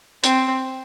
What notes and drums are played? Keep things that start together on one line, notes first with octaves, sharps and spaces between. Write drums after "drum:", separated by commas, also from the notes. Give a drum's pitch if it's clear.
C4, drum: hi-hat